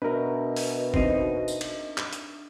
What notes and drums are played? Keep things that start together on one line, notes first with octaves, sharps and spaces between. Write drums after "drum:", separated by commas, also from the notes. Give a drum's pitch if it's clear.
B2 D4 A#4 B4 E5
drum: open hi-hat
C4 D#4, drum: kick G1
drum: tambourine
drum: cymbal
drum: clap
drum: hi-hat